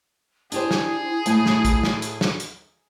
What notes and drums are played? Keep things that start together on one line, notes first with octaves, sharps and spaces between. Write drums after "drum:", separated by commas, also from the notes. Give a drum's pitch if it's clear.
D4 E4 G4 G#4 C5, drum: hi-hat
drum: snare
A2 A3 G#5, drum: hi-hat
drum: snare
drum: kick, hi-hat
drum: snare
drum: hi-hat
drum: snare
drum: hi-hat